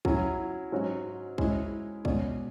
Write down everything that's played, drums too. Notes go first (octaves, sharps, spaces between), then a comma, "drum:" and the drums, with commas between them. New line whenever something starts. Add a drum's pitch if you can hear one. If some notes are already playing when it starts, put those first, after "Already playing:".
F#3 C#4 E4, drum: kick
G#2 F#3 C#4 F#4
G#3 C#4 E4, drum: kick
B2 G#3 C#4 G#4 D5, drum: kick